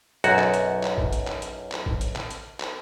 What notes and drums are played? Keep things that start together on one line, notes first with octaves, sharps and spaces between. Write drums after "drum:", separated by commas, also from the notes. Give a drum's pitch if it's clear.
B1 F#2 F#4, drum: hi-hat
drum: clap
drum: hi-hat
drum: clap
drum: kick A1
drum: hi-hat
drum: clap
drum: hi-hat
drum: clap
drum: kick A1
drum: hi-hat
drum: clap
drum: hi-hat
drum: clap